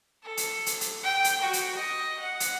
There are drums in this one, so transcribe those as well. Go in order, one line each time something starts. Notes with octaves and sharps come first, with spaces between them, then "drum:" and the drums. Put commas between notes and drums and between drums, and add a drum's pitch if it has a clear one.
A4
drum: hi-hat
drum: hi-hat
drum: hi-hat
G5
drum: hi-hat
F#4
drum: hi-hat
D#5
F#5
drum: hi-hat